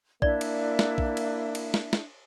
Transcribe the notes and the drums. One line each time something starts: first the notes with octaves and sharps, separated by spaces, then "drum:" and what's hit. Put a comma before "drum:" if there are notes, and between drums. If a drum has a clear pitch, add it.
A#3 D4 E4 D5 E5, drum: kick B1
drum: cymbal
drum: snare
drum: kick B1
drum: cymbal
drum: cymbal
drum: snare
drum: snare